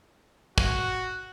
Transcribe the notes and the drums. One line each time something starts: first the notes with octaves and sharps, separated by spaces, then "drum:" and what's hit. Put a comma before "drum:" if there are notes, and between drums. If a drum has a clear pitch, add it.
F#4, drum: kick